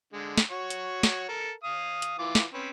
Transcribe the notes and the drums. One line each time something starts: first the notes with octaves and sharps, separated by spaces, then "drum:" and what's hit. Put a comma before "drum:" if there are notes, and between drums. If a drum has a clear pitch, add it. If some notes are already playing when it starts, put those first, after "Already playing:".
D3 G#3
drum: snare
F#4 C#5
drum: hi-hat
drum: snare
A4 A#4
F5 D#6
drum: hi-hat
E3 F4 D6
drum: snare
C4 C#4 B4